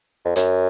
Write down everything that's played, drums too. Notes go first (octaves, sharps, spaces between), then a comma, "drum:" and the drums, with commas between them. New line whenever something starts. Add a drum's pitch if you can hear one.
F2
F#2, drum: hi-hat